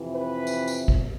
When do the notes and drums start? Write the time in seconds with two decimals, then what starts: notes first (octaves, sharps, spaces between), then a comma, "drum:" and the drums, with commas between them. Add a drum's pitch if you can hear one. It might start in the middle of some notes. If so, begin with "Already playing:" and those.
Already playing: F2 C3 E3
0.15 B4
0.47 drum: tambourine
0.67 drum: tambourine
0.88 drum: kick